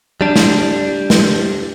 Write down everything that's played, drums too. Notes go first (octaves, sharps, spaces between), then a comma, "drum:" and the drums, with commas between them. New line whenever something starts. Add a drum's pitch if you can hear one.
G3 D4
drum: snare
drum: snare